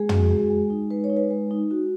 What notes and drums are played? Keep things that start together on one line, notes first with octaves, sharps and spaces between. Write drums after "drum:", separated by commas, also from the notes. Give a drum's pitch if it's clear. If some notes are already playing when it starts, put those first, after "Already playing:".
Already playing: G#3 G#4
F#4, drum: tom
G#3
G#3
D#4
G#3 B4
C#5
D#4
B4
G#3
D#4
F#4